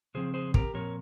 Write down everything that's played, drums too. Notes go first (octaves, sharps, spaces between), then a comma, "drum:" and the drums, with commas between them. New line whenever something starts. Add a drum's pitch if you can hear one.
C#3 F3 C4 G#4 C5
G#4 C5
G4 A#4, drum: kick
A#2 F3 C4 A#4 C#5